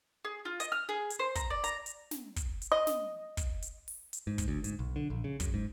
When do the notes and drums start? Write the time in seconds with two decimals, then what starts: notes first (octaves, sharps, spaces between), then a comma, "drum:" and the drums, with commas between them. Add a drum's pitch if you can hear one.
0.25 G#4
0.45 F4
0.60 D#5, drum: hi-hat
0.72 F6
0.89 G#4
1.10 drum: hi-hat
1.19 C5
1.35 A#5, drum: kick, hi-hat
1.50 D5
1.64 A#5, drum: hi-hat
1.86 drum: hi-hat
2.11 drum: snare
2.36 drum: kick, hi-hat
2.62 drum: hi-hat
2.72 D#5
2.87 drum: snare
3.37 drum: kick, hi-hat
3.62 drum: hi-hat
3.88 drum: open hi-hat
4.13 drum: hi-hat
4.27 G#2
4.38 drum: kick, hi-hat
4.48 D2
4.64 G#2, drum: hi-hat
4.79 B1
4.96 D3
5.10 A#1
5.24 C#3
5.40 F#2, drum: kick, hi-hat
5.54 G#2